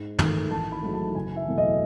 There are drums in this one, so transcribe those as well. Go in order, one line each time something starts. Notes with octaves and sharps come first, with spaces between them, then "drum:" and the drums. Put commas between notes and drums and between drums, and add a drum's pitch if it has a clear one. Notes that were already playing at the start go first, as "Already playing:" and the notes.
Already playing: G#2
D#3 A3, drum: tom
A1 A5
B5
G#2 F#3 A3
A5
F#1 G#5
E5
E2 B2 F#3 A3
D#5